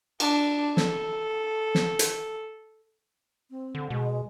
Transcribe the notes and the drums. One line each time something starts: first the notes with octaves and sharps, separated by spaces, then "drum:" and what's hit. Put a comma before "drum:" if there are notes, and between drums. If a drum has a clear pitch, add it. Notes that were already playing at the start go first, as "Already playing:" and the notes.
D4, drum: cymbal
A4, drum: snare
drum: snare
drum: hi-hat
C4
D3
B2 G#3